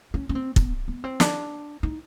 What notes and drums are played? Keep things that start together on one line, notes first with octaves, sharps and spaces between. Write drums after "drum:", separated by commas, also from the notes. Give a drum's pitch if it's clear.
C#4
C#4
C4
B3, drum: kick
B3
C4
D4, drum: snare
D#4